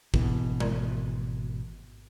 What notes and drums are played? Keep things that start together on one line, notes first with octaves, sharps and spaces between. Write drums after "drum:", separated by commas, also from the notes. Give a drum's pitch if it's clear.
G#1 B2 E3, drum: kick
drum: tom G#3